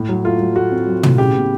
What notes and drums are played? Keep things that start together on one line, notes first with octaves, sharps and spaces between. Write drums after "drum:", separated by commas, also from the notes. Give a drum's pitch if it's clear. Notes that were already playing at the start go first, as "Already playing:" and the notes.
Already playing: A2
F#3
A3 F4
F#3
A3 F#4
C4
F#3
A2, drum: tom
C#3 G4
B3